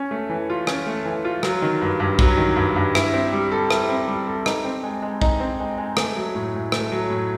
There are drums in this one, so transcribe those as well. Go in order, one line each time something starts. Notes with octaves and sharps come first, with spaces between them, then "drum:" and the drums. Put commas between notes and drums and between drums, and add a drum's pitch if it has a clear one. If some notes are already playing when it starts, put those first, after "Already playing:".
Already playing: C#4
A3
E3
F4
C#4, drum: rim click
A3
E3
F4
F#3, drum: rim click
D#3
G2
G2
F#3, drum: kick
D#3
G2
G2
E4, drum: rim click
C4
G3
A4
E4, drum: rim click
C4
G3
A4
D#4, drum: rim click
C4
G#3
G#3
D#4, drum: kick
C4
G#3
G#3
A3, drum: rim click
F#3
A2
A2
A3, drum: rim click
F#3
A2